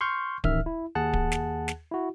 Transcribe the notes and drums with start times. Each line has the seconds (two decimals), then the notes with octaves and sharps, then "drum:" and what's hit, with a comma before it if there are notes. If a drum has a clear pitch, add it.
0.01 C6 C#6 F6 G6
0.44 A1 D#3 E5 F6, drum: kick D1
0.66 E4
0.95 D#2 G#4 F#5 A5 F#6
1.13 drum: kick D1
1.32 drum: snare
1.68 drum: snare
1.92 E4 F#4